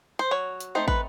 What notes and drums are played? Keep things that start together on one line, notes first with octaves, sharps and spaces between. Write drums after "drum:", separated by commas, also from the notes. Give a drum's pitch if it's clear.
C5
F#3 C#5
drum: hi-hat
A3 C4 D#4 C5
B4, drum: kick